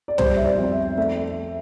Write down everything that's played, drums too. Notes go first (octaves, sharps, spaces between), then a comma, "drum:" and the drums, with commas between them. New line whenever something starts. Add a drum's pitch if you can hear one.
D5
G3 C5, drum: tom
E5
D5
F2
E5
A3 E5